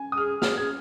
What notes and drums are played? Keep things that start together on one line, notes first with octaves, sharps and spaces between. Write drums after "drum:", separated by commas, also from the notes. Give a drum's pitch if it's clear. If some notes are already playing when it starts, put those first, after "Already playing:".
Already playing: G#5
D#6
G#4 F6
G#4 F6, drum: snare
G#4 G#6